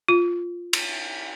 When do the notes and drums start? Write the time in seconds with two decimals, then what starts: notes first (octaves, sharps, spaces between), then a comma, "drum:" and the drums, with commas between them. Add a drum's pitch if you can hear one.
0.09 F4
0.73 drum: cymbal